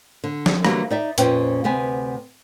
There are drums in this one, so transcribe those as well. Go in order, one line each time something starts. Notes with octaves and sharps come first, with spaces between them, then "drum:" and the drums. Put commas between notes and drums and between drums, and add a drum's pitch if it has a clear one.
D3
drum: snare
D3 E3 F#3 G3 A#3, drum: rim click
D#4 D5 E5
F2 A#2 C#4 B4 C5 G5, drum: hi-hat
D2 C3 B3 B4 G#5